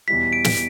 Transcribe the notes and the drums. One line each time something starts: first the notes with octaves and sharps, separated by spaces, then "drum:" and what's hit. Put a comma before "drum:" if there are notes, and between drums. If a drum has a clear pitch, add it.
E2 B2 G3 E4 B6
D7
drum: snare